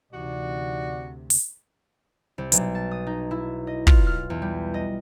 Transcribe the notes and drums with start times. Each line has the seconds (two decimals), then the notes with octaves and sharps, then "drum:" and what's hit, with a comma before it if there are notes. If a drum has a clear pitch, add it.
0.13 D2 C3 E3 D#4 F#4 D5
1.30 drum: open hi-hat
2.38 C2
2.52 B1, drum: hi-hat
2.75 A5
2.91 D#6
3.07 D#4
3.31 E4
3.67 D#5
3.87 F4, drum: kick
4.07 F6
4.30 E2
4.42 G3
4.74 D#5